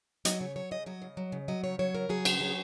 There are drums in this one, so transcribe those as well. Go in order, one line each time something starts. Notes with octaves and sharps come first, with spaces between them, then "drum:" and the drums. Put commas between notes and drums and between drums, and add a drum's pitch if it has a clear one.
F#3 D#5, drum: hi-hat
C#3 C#5
F#3 C#5
C#3 D#5
F#3 D#5
C#3
F#3
C#3
F#3 D#5
C#3 C#5
F#3 C#5
C#3 A#4
F#3 G#4
C#3, drum: cymbal
F#3 G#4